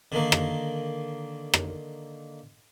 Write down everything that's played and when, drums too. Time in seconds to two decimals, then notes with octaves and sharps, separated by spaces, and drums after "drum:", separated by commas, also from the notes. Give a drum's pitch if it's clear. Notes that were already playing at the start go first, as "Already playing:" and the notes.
0.12 D3 D#3 A#3
0.32 drum: rim click
1.54 drum: rim click